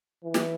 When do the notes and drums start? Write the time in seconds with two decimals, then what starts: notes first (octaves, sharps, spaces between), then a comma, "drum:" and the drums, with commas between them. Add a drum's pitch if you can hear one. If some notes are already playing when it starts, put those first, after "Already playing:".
0.24 E3
0.34 drum: snare